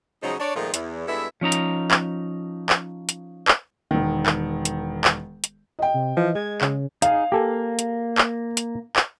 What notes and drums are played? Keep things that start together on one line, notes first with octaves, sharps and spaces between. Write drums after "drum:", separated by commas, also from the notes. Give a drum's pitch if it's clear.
C#3 F3 F#3 G#3 D#4
D4 C#5 D5
A#2 D#3 F3 G#3 A3 F4
E2, drum: hi-hat
G2 G#3 B3 E4 A4 E5
F3 C#4 D#4 A#5
drum: hi-hat
drum: clap
drum: clap
drum: hi-hat
drum: clap
E1 D#3
drum: clap
drum: hi-hat
drum: clap
drum: hi-hat
D#5 G5
C3
E3 F3 D#5
G#3 G#6
C#3, drum: clap
D#4 G#4 F5, drum: hi-hat
A#3 G4 A4 G#5
drum: hi-hat
drum: clap
drum: hi-hat
drum: clap